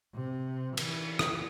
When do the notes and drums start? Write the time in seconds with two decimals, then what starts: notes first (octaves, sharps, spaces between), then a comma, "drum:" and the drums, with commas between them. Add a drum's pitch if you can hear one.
0.15 C3
0.77 E3, drum: cymbal
1.19 drum: rim click